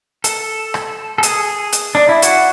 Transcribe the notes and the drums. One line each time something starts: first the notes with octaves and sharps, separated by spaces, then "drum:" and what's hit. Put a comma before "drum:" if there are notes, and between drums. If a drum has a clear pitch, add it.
A4, drum: hi-hat
drum: rim click
A4
G#4, drum: hi-hat
drum: hi-hat
D4
E4
F#4, drum: hi-hat